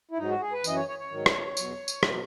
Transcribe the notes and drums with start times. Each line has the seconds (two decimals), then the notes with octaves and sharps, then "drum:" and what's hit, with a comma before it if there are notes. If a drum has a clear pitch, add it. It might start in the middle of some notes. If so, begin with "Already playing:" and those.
0.11 E4
0.17 G#2 F#3 D#4
0.29 F#4
0.41 G#4
0.53 B4
0.64 F#2 E3 D#5, drum: tambourine
0.76 C#5
0.88 C#5
0.99 C#5
1.11 G#2 D#3 F#3
1.26 drum: rim click
1.57 E2 B2 F#3, drum: tambourine
1.88 drum: tambourine
2.03 B2 F#3 B4, drum: rim click